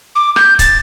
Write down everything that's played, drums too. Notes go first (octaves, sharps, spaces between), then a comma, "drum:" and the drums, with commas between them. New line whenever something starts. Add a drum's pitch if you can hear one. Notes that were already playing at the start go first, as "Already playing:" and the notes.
D6
G6, drum: rim click
A6, drum: kick C#1, hi-hat